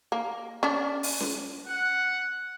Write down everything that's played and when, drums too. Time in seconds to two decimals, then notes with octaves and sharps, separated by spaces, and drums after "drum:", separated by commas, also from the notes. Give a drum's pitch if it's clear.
0.12 A#3
0.63 C#4 D4
1.03 drum: open hi-hat
1.20 drum: snare C#4
1.66 F#5